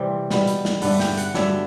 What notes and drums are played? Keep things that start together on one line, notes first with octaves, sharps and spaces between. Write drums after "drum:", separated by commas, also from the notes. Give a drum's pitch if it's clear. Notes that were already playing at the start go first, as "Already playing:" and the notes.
Already playing: C3 E3 G3 A3 C4
B2 G3 B3, drum: snare
drum: hi-hat
drum: snare
G2 D3 A3 F#5, drum: open hi-hat
G5, drum: snare
F#5, drum: hi-hat
G2 D3 F#3 A3 E5, drum: snare